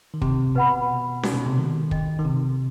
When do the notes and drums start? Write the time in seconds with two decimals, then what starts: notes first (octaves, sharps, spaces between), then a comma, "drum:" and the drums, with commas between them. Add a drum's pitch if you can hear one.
0.14 D#3
0.22 C3, drum: kick
0.55 B2 B4 F#5 B5
1.23 D#4 F#4 A4, drum: snare C#4
1.34 B2
1.46 C3
1.58 D#3
1.91 A4 D#5 G5, drum: kick
2.19 D#3
2.25 C3